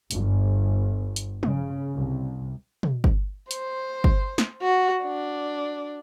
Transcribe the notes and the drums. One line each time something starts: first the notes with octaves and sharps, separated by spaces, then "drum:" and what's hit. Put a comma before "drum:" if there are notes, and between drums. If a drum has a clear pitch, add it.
G1, drum: hi-hat
drum: hi-hat
C#3, drum: tom
C2
drum: tom
drum: kick
C5, drum: hi-hat
drum: kick
drum: snare
F#4
D4